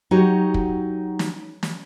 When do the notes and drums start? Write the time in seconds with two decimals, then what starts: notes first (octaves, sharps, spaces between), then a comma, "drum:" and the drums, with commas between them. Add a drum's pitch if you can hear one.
0.11 F#3 D#4 F#4 G4 C#5
0.54 drum: kick
1.19 drum: snare
1.63 drum: snare